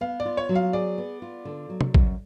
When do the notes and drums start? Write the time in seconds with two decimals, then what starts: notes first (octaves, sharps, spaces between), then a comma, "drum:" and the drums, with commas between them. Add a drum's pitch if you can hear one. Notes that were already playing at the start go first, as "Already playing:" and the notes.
0.01 B3 F5
0.20 D5
0.25 F4
0.37 C#5
0.49 F#3
0.55 F5
0.73 G#4 D5
0.98 B3
1.22 F4
1.45 D3
1.70 F#3
1.81 drum: tom
1.94 F#2, drum: kick